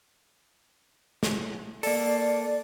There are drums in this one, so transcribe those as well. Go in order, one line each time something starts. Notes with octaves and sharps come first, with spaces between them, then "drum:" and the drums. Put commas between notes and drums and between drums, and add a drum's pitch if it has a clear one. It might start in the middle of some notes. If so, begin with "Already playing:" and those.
drum: snare
A#3 A4 D5, drum: open hi-hat